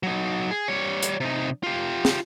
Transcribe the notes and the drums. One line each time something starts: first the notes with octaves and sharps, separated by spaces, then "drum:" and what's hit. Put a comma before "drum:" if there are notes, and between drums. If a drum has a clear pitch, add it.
F#3 D#4
G#4
G3 C#5
drum: hi-hat
C3 D#4
F4 G4
drum: snare